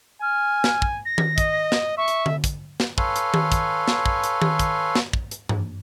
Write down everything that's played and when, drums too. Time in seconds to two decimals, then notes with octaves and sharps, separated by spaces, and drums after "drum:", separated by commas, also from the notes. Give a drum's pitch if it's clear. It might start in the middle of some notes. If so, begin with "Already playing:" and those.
0.22 G#5 F6
0.64 drum: snare
0.82 drum: kick
1.05 A#6
1.18 drum: tom D#3
1.38 D#5, drum: kick, hi-hat
1.72 drum: snare
1.97 E5 C#6
2.08 drum: hi-hat
2.26 drum: tom D3
2.44 drum: kick, hi-hat
2.80 drum: snare
2.98 A4 B4 C#5 F5 G#5 C6, drum: kick
3.16 drum: hi-hat
3.34 drum: tom D#3
3.52 drum: kick, hi-hat
3.88 drum: snare
4.06 drum: kick
4.24 drum: hi-hat
4.42 drum: tom D#3
4.59 drum: kick, hi-hat
4.95 drum: snare
5.13 drum: kick
5.31 drum: hi-hat
5.49 drum: tom G2